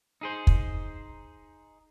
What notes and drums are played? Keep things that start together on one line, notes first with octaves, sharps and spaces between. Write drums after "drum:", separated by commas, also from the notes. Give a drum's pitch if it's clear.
D#4 G#4 C5
drum: kick